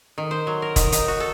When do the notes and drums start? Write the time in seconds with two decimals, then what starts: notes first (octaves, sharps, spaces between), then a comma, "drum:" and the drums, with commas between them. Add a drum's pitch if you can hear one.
0.18 D#3
0.31 C5
0.47 F#3
0.62 A#4
0.76 D#3, drum: kick E1, hi-hat
0.92 D#4, drum: hi-hat
1.08 F#4
1.20 A4